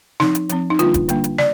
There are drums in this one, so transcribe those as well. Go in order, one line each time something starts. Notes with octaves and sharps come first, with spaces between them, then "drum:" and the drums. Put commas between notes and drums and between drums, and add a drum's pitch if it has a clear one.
F3 C4 D#4, drum: snare
drum: hi-hat
F3 C4, drum: hi-hat
D#4
D3 G3 A#3 D4 F4, drum: hi-hat
drum: kick E1, hi-hat
D3 G3 A#3 D4, drum: hi-hat
drum: hi-hat
D5, drum: snare